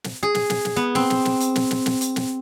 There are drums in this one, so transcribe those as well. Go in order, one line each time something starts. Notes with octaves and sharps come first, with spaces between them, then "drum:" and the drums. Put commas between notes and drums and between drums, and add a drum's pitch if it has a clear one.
drum: snare
G#4
drum: snare
drum: snare
drum: snare
B3
C4, drum: snare
drum: snare
drum: snare
drum: hi-hat
drum: snare
drum: snare
drum: snare
drum: hi-hat
drum: snare